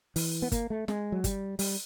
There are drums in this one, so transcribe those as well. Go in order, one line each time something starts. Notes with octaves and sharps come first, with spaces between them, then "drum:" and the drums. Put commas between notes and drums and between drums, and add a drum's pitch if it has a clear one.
E3, drum: open hi-hat
B3
A#3, drum: kick G1, hi-hat
A3
G#3, drum: snare
F#3
G3, drum: kick G1, hi-hat
G3, drum: open hi-hat